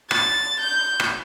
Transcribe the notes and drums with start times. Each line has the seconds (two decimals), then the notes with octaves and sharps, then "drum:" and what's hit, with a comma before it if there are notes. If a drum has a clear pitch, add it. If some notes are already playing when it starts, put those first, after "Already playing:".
0.11 A6, drum: rim click
0.60 G6
1.00 drum: rim click